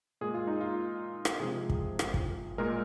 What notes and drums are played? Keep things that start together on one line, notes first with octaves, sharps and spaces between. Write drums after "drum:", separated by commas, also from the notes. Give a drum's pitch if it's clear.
A#2 G#3 G#4
F4
D#4
F4
drum: rim click
C3 F3 G#3 G#4
drum: kick
drum: rim click
drum: kick
A#2 G#3 A#4